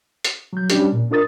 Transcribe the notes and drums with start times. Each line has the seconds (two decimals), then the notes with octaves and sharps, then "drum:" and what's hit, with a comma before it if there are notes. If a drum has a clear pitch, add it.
0.25 drum: hi-hat
0.53 F#3 G6
0.70 G3 C#4 D4 G4, drum: hi-hat
0.92 A#2
1.11 D4 F4 A#4 D#6 A6